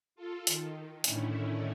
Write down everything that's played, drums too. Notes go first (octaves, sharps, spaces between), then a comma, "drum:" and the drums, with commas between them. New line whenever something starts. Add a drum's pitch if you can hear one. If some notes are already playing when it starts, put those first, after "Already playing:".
F4 A4
D#3, drum: hi-hat
A2 D3 D#3 A3 C#4 E4, drum: hi-hat